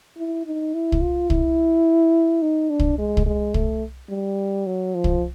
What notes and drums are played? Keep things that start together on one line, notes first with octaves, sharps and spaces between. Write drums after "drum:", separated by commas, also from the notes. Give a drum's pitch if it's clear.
E4
D#4
E4
drum: kick
F4
E4, drum: kick
D#4
D4
drum: kick
G#3
drum: kick
G#3
A3, drum: kick
G3
F#3
F3
drum: kick